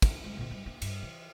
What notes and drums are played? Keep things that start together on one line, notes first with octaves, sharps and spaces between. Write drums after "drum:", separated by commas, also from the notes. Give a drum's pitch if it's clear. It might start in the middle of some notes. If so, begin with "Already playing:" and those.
drum: kick, cymbal
G#3
A#2 D3
G2
A#3 D4
G2, drum: cymbal
E3